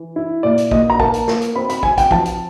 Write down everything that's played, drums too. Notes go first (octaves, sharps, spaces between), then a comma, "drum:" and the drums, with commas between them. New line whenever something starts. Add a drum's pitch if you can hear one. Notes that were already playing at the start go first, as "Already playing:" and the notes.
Already playing: E3
E4
A#2 D5
drum: hi-hat
A#2 D#5, drum: kick
A#5
A#3 A5, drum: kick
drum: hi-hat
A#3, drum: snare
drum: hi-hat
C4 B5
B5, drum: hi-hat
C4 G#5, drum: kick
G5, drum: kick, hi-hat
F3 A5, drum: kick
drum: hi-hat